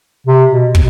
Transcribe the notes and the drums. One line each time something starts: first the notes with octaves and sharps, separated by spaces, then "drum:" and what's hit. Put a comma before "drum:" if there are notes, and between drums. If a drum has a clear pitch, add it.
C3
B2
B2, drum: kick